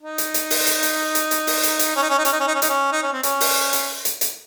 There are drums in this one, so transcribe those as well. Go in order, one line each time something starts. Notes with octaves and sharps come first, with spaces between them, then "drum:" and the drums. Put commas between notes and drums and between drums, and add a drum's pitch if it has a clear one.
D#4
drum: hi-hat
drum: hi-hat
drum: open hi-hat
drum: hi-hat
drum: hi-hat
drum: hi-hat
drum: hi-hat
drum: open hi-hat
drum: hi-hat
drum: hi-hat
C#4
D#4
C#4
D#4
C#4, drum: hi-hat
D#4
C#4
D#4
C#4
D#4, drum: hi-hat
C#4
D#4
C#4
C4
C#4, drum: hi-hat
drum: open hi-hat
drum: hi-hat
drum: hi-hat
drum: hi-hat